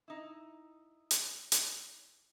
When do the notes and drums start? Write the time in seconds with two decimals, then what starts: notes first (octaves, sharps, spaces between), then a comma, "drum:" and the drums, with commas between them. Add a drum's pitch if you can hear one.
0.08 D#4 E4
1.11 drum: hi-hat
1.52 drum: hi-hat